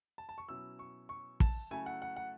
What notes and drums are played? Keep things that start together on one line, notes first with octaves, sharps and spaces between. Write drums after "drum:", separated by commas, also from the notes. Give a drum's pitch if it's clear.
A5
A5
C#6
B2 F#3 C#4 E4 E6
C#6
C#6
A5, drum: kick
C#3 F#3 A3 E4 G#5
F#5
F#5
F#5